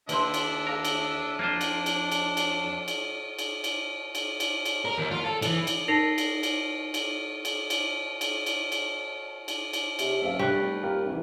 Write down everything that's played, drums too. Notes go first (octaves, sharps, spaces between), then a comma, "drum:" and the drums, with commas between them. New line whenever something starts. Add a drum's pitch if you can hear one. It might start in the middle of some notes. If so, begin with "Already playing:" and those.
D#2 D4 B4 D5 E5 C6, drum: cymbal
drum: cymbal
G#4 A#4 F5
drum: cymbal
F2 A#3 D4 F4 C5
drum: cymbal
drum: cymbal
drum: cymbal
drum: cymbal
drum: cymbal
drum: cymbal
drum: cymbal
drum: cymbal
drum: cymbal
drum: cymbal
A#4
D#2
F4
A4
E3, drum: cymbal
drum: cymbal
D#4 A#4 A#6 C7 F7
drum: cymbal
drum: cymbal
drum: cymbal
drum: cymbal
drum: cymbal
drum: cymbal
drum: cymbal
drum: cymbal
drum: cymbal
drum: cymbal
C3, drum: cymbal
F#1 E5 F5
D3 G3 C#6 F#6
F1
D#2 F4 G4 A#4
C2 D#3 E3